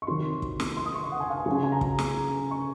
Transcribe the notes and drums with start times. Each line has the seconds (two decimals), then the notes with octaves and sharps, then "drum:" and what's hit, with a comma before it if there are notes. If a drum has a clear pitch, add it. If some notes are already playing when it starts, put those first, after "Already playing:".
0.02 C#6
0.07 C3 D#3 F#3 C6
0.42 drum: kick
0.60 drum: snare
0.77 C6
0.86 D#6
0.94 C#6
1.04 C6
1.12 F#5
1.20 G#5
1.30 F5
1.38 G#5
1.46 F#3
1.51 C#3 G#5
1.64 G#5
1.72 A#5
1.81 drum: kick
1.99 drum: snare
2.51 C#6